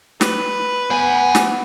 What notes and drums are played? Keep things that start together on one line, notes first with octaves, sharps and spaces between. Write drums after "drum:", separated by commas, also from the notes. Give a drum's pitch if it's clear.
B4, drum: snare
B3 C5 G#5
drum: snare